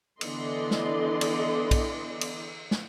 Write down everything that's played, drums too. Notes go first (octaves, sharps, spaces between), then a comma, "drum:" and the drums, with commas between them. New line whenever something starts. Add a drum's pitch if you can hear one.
D3 E3 B3 D5 D#5 C6, drum: cymbal
drum: snare
drum: cymbal
drum: kick, cymbal
drum: cymbal
drum: snare